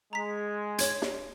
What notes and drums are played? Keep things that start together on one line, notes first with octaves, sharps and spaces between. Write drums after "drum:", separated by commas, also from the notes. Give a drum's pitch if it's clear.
G#3 A#5 B6
C#5 G#6, drum: hi-hat
drum: snare